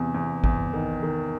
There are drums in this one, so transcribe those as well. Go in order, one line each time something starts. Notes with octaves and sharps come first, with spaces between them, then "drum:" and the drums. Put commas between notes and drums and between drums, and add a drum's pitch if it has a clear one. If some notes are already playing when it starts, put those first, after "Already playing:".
Already playing: E2 C3
E2
E2, drum: kick
D#3
D#3